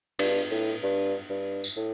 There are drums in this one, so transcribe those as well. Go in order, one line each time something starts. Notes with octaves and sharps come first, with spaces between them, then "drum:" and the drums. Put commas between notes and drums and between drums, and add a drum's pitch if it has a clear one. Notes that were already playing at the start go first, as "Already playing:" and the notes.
G2, drum: cymbal
A2
G2
G2
drum: tambourine
A2